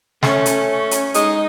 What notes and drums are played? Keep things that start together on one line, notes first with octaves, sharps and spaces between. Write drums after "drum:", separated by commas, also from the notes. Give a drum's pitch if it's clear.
A3 C#4, drum: snare
drum: hi-hat
C#4
drum: hi-hat
G#3 D#4, drum: hi-hat